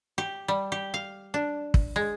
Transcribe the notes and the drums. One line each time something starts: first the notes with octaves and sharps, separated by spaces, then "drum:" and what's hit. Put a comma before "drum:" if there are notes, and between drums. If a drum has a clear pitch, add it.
G4
G3
G4
F5
D4
drum: kick
G#3